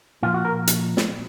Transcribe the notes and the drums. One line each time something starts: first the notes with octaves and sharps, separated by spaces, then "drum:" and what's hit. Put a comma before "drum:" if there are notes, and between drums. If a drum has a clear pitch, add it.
A#2 F3 F4
F#4
A#4
drum: hi-hat
drum: snare